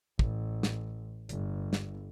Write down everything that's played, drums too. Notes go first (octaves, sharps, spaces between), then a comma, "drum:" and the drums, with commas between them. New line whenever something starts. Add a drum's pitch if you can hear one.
A1, drum: kick
drum: snare
G1, drum: hi-hat
drum: snare